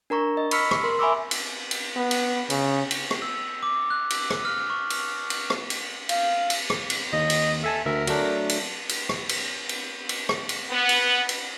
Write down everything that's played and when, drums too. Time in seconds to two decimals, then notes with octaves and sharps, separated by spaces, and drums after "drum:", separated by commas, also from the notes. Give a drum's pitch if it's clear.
0.10 D4 A#4 A#5 C#6
0.37 D#5
0.51 B5 C#6 E6 F6 B6 C#7, drum: cymbal
0.71 drum: rim click
0.83 A#4 C6
0.99 E5 G#5 B5 C#6 D6 E6
1.31 drum: cymbal
1.71 drum: cymbal
1.96 B3
2.11 drum: cymbal
2.50 C#3, drum: cymbal
2.91 drum: cymbal
3.11 drum: rim click
3.22 E6
3.63 D6
3.90 F#6
4.10 drum: cymbal
4.30 drum: rim click
4.45 F6
4.70 C#6
4.90 drum: cymbal
5.30 drum: cymbal
5.50 drum: rim click
5.70 drum: cymbal
6.09 F5, drum: cymbal
6.50 drum: cymbal
6.70 drum: rim click
6.90 drum: cymbal
7.13 D#2 D#5
7.30 drum: cymbal
7.64 A4 E5 G#5 A5
7.86 D2 A#4 E5
8.07 F#3 A3 D4, drum: cymbal
8.49 drum: cymbal
8.89 drum: cymbal
9.09 drum: rim click
9.29 drum: cymbal
9.69 drum: cymbal
10.09 drum: cymbal
10.29 drum: rim click
10.49 drum: cymbal
10.70 B3
10.89 drum: cymbal
11.29 drum: cymbal